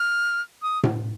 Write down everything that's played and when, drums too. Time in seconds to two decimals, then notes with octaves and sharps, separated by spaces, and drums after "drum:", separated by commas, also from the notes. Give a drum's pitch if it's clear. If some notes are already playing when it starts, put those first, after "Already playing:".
Already playing: F6
0.62 D#6
0.83 drum: tom A2